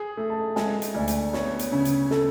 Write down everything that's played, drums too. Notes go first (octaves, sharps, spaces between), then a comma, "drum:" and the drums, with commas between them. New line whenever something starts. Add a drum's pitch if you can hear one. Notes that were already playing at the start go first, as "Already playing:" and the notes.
Already playing: G#4
A3
A5
G#3 G#5, drum: snare
drum: hi-hat
D2 D5
drum: hi-hat
B3 C#5, drum: snare
drum: hi-hat
C#3
drum: hi-hat
A4, drum: snare